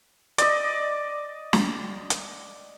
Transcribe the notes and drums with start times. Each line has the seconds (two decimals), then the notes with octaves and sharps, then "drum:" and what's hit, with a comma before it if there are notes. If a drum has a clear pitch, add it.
0.38 D5 D#5, drum: hi-hat
1.53 drum: snare
2.10 drum: hi-hat